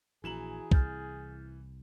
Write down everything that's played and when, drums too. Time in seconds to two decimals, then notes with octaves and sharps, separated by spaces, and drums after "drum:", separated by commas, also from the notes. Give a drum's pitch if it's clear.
0.24 A#1 E3 F#4 G#4 A#5 E7 F#7
0.71 C2 F6 G6 A6, drum: kick